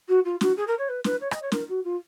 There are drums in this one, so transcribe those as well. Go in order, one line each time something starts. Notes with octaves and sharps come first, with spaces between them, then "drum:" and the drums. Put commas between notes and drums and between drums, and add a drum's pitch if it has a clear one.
F#4
F4
F#4, drum: snare
G#4
A#4
C#5
B4
B4, drum: snare
C#5
D#5, drum: rim click
C#5
A#4, drum: snare
F#4
F4